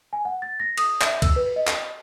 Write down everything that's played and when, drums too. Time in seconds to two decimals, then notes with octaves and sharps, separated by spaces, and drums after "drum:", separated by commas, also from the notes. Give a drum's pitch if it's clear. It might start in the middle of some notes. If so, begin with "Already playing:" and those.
0.13 G#5
0.25 F#5
0.42 A6
0.60 A#6
0.77 D#6, drum: cymbal
1.01 E5, drum: clap
1.22 E6, drum: kick, cymbal
1.36 B4
1.56 D#5
1.67 drum: clap